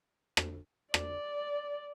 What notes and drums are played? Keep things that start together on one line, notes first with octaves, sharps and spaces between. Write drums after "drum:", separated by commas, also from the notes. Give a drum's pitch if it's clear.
drum: rim click
D5, drum: rim click